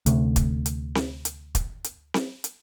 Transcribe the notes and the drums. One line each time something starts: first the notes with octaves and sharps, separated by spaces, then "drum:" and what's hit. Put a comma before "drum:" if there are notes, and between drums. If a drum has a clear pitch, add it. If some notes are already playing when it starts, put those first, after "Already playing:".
D2 C3 A3, drum: hi-hat
drum: kick, hi-hat
drum: hi-hat
drum: snare C4
drum: hi-hat
drum: kick, hi-hat
drum: hi-hat
drum: snare C4
drum: hi-hat